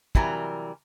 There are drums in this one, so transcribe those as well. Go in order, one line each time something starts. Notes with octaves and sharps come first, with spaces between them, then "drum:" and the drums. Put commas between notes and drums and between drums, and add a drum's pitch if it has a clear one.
C3 E3 F#3 G3 A#4, drum: kick